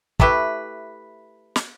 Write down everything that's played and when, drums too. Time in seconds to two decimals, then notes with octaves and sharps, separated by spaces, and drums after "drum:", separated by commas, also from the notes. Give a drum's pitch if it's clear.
0.20 A3 E4 G4 B4, drum: kick
1.56 drum: snare